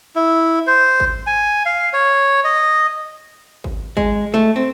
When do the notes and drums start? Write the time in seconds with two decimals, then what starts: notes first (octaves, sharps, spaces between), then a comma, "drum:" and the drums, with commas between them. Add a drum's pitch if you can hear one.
0.16 E4
0.67 C5
1.00 drum: kick G#1
1.27 G#5
1.66 F5
1.93 C#5
2.44 D#5
3.64 drum: kick G#1
3.97 G#3, drum: kick G#1
4.34 A3
4.56 C4